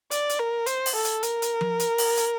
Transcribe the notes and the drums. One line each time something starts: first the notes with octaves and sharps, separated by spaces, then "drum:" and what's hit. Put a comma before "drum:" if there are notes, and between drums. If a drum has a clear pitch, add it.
D5, drum: hi-hat
drum: hi-hat
A#4
C5, drum: hi-hat
drum: open hi-hat
A4
drum: hi-hat
A#4, drum: hi-hat
drum: hi-hat
drum: tom F3
drum: hi-hat
drum: open hi-hat
drum: hi-hat